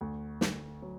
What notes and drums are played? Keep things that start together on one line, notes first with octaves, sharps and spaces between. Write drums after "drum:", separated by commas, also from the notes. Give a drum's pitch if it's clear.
D2
D2, drum: snare
F#3